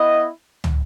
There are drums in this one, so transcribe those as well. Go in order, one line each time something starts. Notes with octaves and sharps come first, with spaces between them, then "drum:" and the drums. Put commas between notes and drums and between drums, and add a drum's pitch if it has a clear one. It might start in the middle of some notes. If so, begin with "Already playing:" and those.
Already playing: B3 E4 D#5
drum: tom